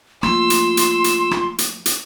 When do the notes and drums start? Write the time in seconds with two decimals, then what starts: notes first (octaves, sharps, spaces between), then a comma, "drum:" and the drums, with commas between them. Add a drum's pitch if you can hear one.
0.23 F3 A3 A#3 F4 C6 E6, drum: rim click
0.50 drum: hi-hat
0.77 drum: hi-hat
1.04 drum: hi-hat
1.31 drum: rim click
1.58 drum: hi-hat
1.86 drum: hi-hat